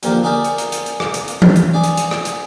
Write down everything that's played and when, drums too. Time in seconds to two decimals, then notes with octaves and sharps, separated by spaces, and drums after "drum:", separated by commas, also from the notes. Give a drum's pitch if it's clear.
0.03 A#2 D3 F3 A#3 G4 A#4, drum: hi-hat
0.23 D#4 G#4 A#4 D5 E5
0.44 drum: hi-hat
0.58 drum: hi-hat
0.72 drum: hi-hat
0.86 drum: hi-hat
1.00 drum: rim click
1.14 drum: hi-hat
1.28 drum: hi-hat
1.42 drum: tom E3
1.56 drum: hi-hat
1.74 G#4 D5
1.84 drum: hi-hat
1.97 drum: hi-hat
2.11 drum: rim click
2.25 drum: hi-hat